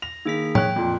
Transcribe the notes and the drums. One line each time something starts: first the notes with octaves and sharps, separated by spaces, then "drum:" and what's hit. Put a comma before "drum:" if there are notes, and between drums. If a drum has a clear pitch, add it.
A#6 F7
D#3 A#3 G#4 B6
C#5 G5 F#6, drum: tom
F2 A#2